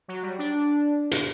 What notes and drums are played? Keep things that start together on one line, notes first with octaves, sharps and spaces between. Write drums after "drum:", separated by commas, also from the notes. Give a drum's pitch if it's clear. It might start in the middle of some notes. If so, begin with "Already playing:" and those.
F#3
G3
D4
drum: hi-hat